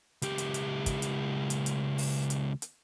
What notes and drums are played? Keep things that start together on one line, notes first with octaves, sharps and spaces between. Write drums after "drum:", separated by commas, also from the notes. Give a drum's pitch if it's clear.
C#2 G4, drum: hi-hat
drum: hi-hat
drum: hi-hat
drum: kick, hi-hat
drum: hi-hat
drum: hi-hat
drum: hi-hat
drum: open hi-hat
drum: hi-hat
drum: hi-hat